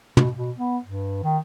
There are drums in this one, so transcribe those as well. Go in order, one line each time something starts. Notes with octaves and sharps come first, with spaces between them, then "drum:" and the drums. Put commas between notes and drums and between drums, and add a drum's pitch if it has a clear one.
B2, drum: tom
B2
B3
G2
D#3